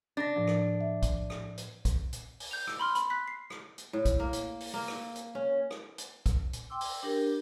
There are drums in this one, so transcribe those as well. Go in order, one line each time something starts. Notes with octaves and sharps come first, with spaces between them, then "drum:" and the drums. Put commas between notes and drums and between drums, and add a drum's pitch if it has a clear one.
D4 A6 A#6
A2 F3
drum: rim click
E5
drum: kick, hi-hat
drum: rim click
drum: hi-hat
drum: kick, hi-hat
drum: hi-hat
drum: open hi-hat
G6 F7
E6, drum: rim click
B5 C6 F6
B5, drum: hi-hat
F#6 B6
C7
drum: rim click
drum: hi-hat
A2
drum: kick, hi-hat
A#3
drum: hi-hat
drum: open hi-hat
A#3
drum: rim click
drum: hi-hat
C#4
drum: rim click
drum: hi-hat
drum: kick, hi-hat
drum: hi-hat
G5 C6 D6 E6
drum: open hi-hat
D4 G4 A#4